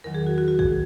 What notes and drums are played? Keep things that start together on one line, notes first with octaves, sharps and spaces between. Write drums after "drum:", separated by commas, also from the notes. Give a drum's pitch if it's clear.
E2 D#3 F#3 A#4
G#4
F#4
F#4
F#4
G#4, drum: kick